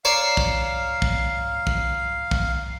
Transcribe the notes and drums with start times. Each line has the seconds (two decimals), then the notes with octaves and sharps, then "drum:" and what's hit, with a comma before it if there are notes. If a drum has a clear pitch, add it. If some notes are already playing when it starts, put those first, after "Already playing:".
0.05 C#5 D5 F5 A#5 C7 E7
0.37 drum: kick
1.02 drum: kick
1.67 drum: kick
2.31 drum: kick